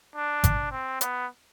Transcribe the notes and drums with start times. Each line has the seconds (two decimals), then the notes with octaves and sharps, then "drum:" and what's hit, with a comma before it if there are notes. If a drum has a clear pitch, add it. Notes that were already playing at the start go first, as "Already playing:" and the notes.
0.16 D4
0.44 drum: kick G#1, hi-hat
0.71 C4
1.01 B3, drum: hi-hat